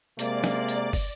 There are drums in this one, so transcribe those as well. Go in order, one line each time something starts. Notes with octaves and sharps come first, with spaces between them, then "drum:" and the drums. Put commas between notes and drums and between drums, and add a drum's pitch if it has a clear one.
C3 G#3 A#3 D5, drum: hi-hat
drum: snare
drum: hi-hat
drum: kick, open hi-hat